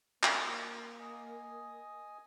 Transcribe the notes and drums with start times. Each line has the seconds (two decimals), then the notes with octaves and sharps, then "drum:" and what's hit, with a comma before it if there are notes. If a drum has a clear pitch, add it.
0.23 A#3, drum: clap
1.00 D#5 G#5 D#6